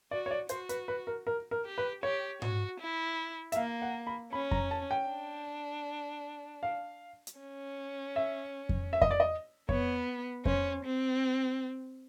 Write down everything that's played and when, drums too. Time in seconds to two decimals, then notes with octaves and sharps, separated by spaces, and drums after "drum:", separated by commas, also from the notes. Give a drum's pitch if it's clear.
0.11 F#4 D5
0.26 C#5
0.31 D5
0.49 F#4 C5, drum: hi-hat
0.69 B4, drum: hi-hat
0.88 B4
1.07 A#4
1.27 A#4
1.51 A#4
1.65 G4
1.78 B4
2.03 G4 C#5
2.42 F#4, drum: tom G#2
2.80 E4
3.52 E5, drum: hi-hat
3.56 A#3 F5
3.82 F#5
4.07 B5
4.32 C#4 B5
4.51 A#5, drum: kick F2
4.71 A5
4.91 G5
5.09 D4
6.63 F5
7.27 drum: hi-hat
7.40 C#4
8.16 E5
8.69 drum: kick F2
8.93 E5
9.02 D#5, drum: kick F2
9.11 D5
9.20 D#5
9.69 B3 C#5, drum: kick F2
10.45 C#4 C5, drum: kick F2
10.84 C4